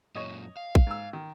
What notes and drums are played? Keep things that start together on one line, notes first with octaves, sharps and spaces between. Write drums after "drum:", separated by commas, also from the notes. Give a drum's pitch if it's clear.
F#2 A#2 C#5 D#5
F5
drum: kick
G#2 E6
D#3